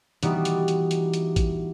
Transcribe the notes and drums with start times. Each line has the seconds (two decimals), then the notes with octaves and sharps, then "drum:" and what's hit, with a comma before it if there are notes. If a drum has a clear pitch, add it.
0.23 E3 G3 B3 D#4 F#4 D5, drum: hi-hat
0.45 drum: hi-hat
0.68 drum: hi-hat
0.91 drum: hi-hat
1.14 drum: hi-hat
1.36 drum: kick A1, hi-hat